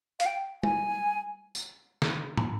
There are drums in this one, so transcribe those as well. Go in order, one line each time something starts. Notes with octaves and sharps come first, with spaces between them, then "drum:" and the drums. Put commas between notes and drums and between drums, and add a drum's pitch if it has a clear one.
F5, drum: hi-hat
G5
G#5, drum: tom G3
drum: tambourine
drum: snare
drum: tom